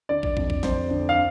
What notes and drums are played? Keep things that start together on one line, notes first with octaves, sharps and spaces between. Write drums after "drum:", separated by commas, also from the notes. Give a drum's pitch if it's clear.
D3 D5
drum: kick
F2, drum: kick
drum: kick
F2 C5, drum: snare
D3
F5